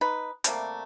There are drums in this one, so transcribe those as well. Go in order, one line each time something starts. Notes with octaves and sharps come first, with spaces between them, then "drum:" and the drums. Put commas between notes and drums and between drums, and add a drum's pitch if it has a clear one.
D#4 B4
C3 G3 A3 A#3, drum: hi-hat